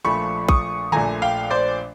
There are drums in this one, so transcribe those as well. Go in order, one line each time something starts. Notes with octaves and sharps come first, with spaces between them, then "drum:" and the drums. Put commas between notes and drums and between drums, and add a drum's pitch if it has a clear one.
A#1 A#2 F3 A3 B5 C#6
C#6 D#6, drum: kick A#1
A#1 A#2 F3 A3 G#5 A#5, drum: tom D3
F5 G5
C5 D5